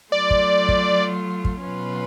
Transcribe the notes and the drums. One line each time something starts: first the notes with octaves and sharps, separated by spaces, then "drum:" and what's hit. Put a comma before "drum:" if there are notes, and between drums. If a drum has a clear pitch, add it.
F#3 A3 F4 D5
drum: kick
drum: kick
drum: kick
B2 F#3 C#4 F4 B4